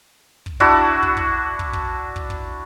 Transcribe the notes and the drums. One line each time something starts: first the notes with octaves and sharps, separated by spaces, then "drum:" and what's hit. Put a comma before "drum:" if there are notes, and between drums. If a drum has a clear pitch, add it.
drum: kick
D4 E4 F#4 D5, drum: kick
drum: kick
drum: kick
drum: kick
drum: kick
drum: kick
drum: kick